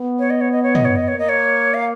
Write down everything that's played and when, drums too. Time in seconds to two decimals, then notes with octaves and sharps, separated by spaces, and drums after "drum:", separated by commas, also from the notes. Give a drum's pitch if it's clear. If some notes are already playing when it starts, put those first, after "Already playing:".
Already playing: B3
0.19 C#5
0.30 D#5
0.41 C#5
0.52 D#5
0.63 C#5
0.75 D#5, drum: tom
0.85 C#5
0.96 D#5
1.08 A#3 C#5
1.19 D#5
1.29 C#5
1.74 F5